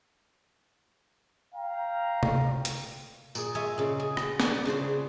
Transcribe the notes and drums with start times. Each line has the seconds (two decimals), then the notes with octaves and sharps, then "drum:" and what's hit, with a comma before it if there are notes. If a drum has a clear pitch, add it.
1.55 F5 G5 A#5
2.23 drum: tom C3
2.65 drum: hi-hat
3.35 A#2 G#4, drum: tambourine
3.55 F4 G#4 C#5 D#5 E5
3.78 A#2 C#3
4.00 G#4
4.17 drum: rim click
4.40 B3 D4 A#4, drum: snare
4.65 C#3 D4 F4 C5